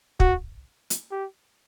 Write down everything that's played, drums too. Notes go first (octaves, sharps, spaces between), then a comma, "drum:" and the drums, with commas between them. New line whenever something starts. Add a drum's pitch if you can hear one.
F#4, drum: kick
drum: hi-hat
G4